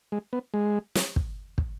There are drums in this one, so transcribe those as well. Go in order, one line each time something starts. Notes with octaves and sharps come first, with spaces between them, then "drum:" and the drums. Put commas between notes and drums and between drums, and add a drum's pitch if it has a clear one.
G#3
B3
G#3
drum: snare
drum: kick
drum: kick